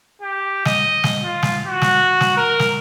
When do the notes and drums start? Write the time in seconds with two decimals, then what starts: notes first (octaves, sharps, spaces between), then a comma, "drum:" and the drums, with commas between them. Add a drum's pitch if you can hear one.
0.22 G4
0.65 D#5, drum: snare
1.04 drum: snare
1.23 F4
1.43 drum: snare
1.66 F#4
1.82 drum: snare
2.21 drum: snare
2.37 A#4
2.59 drum: snare